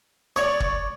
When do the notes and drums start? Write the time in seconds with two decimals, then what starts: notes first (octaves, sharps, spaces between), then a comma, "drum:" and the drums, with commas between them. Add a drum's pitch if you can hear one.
0.36 C#5 D5 C#6
0.60 drum: kick